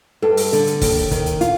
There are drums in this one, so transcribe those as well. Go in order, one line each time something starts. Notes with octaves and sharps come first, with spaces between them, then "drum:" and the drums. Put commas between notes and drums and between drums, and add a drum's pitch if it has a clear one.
G2 A4
drum: open hi-hat
D3, drum: hi-hat
drum: hi-hat
D#2, drum: kick, open hi-hat
D#3, drum: kick, hi-hat
drum: hi-hat
F4, drum: hi-hat